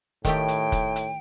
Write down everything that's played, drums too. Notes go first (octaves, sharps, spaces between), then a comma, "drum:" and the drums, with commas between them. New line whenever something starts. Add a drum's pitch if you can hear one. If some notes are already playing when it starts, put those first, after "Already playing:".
A2 D#3 A3 G4 G5, drum: kick, hi-hat
drum: hi-hat
drum: kick, hi-hat
drum: hi-hat